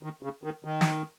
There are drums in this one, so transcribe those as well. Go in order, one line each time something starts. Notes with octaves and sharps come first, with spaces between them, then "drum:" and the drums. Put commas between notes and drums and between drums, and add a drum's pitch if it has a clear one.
D#3
C#3
D#3
D#3
drum: snare